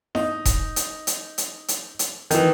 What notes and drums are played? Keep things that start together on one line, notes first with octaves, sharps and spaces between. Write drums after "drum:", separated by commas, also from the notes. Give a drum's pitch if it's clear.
D#4, drum: snare E4
drum: kick E1, hi-hat
drum: hi-hat
drum: hi-hat
drum: hi-hat
drum: hi-hat
drum: hi-hat
D#3 E3, drum: hi-hat